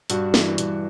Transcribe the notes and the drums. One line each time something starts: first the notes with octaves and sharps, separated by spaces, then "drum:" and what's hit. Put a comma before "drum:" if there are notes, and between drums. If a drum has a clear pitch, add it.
G2 F#4, drum: hi-hat
E3, drum: snare
G2, drum: hi-hat